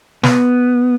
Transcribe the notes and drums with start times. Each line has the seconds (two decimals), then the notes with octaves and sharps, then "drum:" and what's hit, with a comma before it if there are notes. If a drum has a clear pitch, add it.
0.23 B3, drum: snare